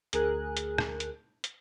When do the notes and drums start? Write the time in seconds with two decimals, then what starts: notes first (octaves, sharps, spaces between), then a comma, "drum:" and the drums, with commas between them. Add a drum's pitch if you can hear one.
0.13 D2 G#4 A#4 G#5 F#6, drum: hi-hat
0.57 drum: hi-hat
0.78 drum: rim click
1.00 drum: hi-hat
1.44 drum: hi-hat